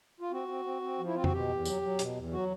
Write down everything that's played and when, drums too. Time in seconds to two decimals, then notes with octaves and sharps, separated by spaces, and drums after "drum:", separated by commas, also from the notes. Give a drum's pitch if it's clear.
0.20 F4
0.32 C4 F#4
0.48 C4
0.65 C4
0.82 C4
0.99 F3
1.07 E4
1.15 C4 F4
1.24 F#4, drum: tom F2
1.32 B2 G4
1.49 E2
1.65 F#3, drum: tambourine
1.82 F#3
1.99 B2, drum: hi-hat
2.16 E2
2.33 F#3 F#4